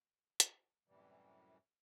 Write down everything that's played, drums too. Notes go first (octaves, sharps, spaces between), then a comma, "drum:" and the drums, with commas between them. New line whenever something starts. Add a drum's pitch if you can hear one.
drum: hi-hat
F#2 A2 C3 E3 G3